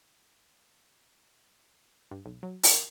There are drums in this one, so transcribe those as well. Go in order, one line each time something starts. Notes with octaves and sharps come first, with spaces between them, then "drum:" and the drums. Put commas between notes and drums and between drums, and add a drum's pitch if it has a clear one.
G2
B1
F#3
A#4, drum: open hi-hat